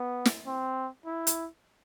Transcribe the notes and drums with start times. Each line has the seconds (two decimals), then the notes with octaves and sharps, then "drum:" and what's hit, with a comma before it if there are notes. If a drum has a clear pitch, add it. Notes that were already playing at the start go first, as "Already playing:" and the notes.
Already playing: B3
0.25 drum: snare
0.47 C4
1.06 E4
1.27 drum: hi-hat